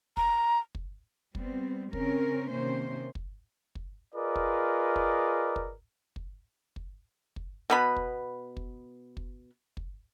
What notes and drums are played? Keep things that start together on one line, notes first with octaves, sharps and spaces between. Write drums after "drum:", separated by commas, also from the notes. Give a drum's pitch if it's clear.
A#5, drum: kick
drum: kick
G3 B3 C4, drum: kick
C#3 C4 C#4 A#4, drum: kick
C3 D#3 A#3 C#4 C5
drum: kick
drum: kick
F4 G#4 A#4 B4 D5 D#5
drum: kick
drum: kick
drum: kick
drum: kick
drum: kick
drum: kick
B2 B3 B5
drum: kick
drum: kick
drum: kick
drum: kick